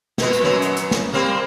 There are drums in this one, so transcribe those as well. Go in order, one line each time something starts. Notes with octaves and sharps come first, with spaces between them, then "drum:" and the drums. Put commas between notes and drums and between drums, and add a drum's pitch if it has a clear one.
A#2 B3, drum: snare
drum: hi-hat
F#2 F#3 B3
drum: hi-hat
drum: hi-hat
drum: snare
G3 A#3 C4